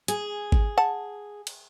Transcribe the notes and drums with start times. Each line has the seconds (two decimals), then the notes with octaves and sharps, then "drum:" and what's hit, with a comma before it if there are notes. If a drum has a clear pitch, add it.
0.08 G#4, drum: hi-hat
0.52 drum: kick G#1
0.78 F#5 A5
1.47 drum: cymbal